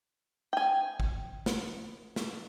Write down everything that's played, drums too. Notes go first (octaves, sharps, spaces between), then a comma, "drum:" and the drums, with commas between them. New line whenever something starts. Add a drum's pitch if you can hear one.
G5 G#5
drum: kick
drum: snare
drum: snare